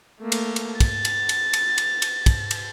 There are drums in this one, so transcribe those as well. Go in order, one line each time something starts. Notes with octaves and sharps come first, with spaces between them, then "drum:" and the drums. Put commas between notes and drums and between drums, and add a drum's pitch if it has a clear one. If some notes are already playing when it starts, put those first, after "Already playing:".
A3 A#3
drum: cymbal
drum: cymbal
A6, drum: kick, cymbal
drum: cymbal
drum: cymbal
drum: cymbal
drum: cymbal
drum: cymbal
drum: kick, cymbal
drum: cymbal